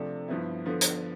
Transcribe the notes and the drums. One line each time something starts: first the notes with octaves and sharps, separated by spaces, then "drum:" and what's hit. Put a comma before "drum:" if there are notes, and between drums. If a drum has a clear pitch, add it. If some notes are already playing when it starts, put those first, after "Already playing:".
Already playing: C3 F3 A3 D4 A4
G2 F3 B3 E4
D3 F3 B3
drum: hi-hat